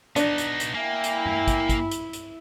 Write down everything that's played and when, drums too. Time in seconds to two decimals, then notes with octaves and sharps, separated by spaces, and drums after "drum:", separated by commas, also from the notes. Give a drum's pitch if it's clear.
0.16 B3 D4 D#4, drum: hi-hat
0.38 drum: hi-hat
0.60 drum: hi-hat
0.75 A#3 E4 E5 G5 G#5
1.04 drum: hi-hat
1.26 drum: tom G2
1.47 drum: kick, hi-hat
1.69 drum: kick, hi-hat
1.91 drum: hi-hat
2.13 drum: hi-hat